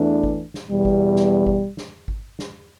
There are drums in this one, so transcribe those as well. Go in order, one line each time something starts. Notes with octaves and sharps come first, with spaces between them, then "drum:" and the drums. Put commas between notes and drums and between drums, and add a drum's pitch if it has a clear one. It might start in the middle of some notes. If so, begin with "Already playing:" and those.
Already playing: E2 E3 A3 D4
drum: kick G#1
drum: snare
E2 B2 G3
drum: kick G#1
drum: snare
drum: kick G#1
drum: snare
drum: kick G#1
drum: snare